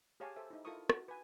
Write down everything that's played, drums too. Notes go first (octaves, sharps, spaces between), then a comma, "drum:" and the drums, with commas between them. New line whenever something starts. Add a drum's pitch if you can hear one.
G4 G#4 C#5 F5 G#5 A5
A4 C5 E5
D#4 E4
E4 F4 A4 A#4 C#6 D#6
F#4, drum: rim click
B4 G#5